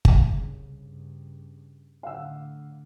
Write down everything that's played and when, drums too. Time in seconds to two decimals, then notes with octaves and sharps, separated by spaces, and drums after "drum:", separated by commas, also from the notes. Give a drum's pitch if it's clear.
0.05 drum: kick G1
0.23 C2 C#3
0.79 G2 C#3
2.03 A2 D3 F5 F#5 E6